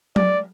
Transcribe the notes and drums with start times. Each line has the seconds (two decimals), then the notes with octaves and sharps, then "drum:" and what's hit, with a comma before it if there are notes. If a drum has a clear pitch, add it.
0.16 D5, drum: tom F#3